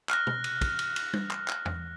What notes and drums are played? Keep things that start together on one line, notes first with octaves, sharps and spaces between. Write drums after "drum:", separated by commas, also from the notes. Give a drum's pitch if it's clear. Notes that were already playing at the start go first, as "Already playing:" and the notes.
F6 F#6 A#6, drum: clap
drum: tom
drum: cymbal
drum: kick, cymbal
drum: cymbal
drum: cymbal
drum: tom G3
drum: clap
drum: clap
drum: tom E2